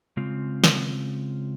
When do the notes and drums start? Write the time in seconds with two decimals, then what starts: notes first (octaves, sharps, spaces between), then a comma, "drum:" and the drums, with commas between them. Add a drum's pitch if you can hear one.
0.17 C#3 G#3 C4 F4
0.64 drum: snare